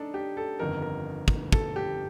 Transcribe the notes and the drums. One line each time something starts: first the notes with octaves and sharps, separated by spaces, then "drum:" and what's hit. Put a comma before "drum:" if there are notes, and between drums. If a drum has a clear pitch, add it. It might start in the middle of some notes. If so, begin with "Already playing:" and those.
Already playing: D4 D#4 A4
G4
A4
G1 F2 D#3 A#4
A#4
drum: kick
A4, drum: kick
G4